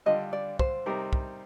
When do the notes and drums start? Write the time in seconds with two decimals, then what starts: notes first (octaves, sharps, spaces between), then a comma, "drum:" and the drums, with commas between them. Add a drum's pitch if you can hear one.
0.06 D3 G3 D4 F4 D#5
0.33 D5
0.59 C5, drum: kick
0.86 C3 G3 C4 D#4 G4 A#4
1.13 drum: kick